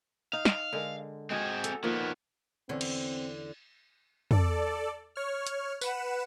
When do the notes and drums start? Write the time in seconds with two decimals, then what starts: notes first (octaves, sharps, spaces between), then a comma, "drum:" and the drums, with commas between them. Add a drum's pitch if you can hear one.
0.33 D#4 F5
0.45 drum: snare
0.73 D3 G#3 A#4
1.30 G#3 C4 F#4 G#4
1.64 A4, drum: hi-hat
1.84 D#3 F3 A#3 B3
2.69 E2 D3 C4 C#4
2.81 drum: cymbal
4.31 A4 D5, drum: tom
5.16 C#5 F6
5.47 drum: hi-hat
5.81 B4 F#5 E7, drum: tambourine